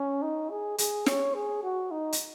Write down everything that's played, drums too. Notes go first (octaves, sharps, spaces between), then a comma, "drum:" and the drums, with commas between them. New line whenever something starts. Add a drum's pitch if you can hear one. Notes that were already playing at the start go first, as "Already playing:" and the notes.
Already playing: C#4
D#4
G#4
G#4, drum: hi-hat
C#5, drum: snare
G#4
F#4
D#4
drum: hi-hat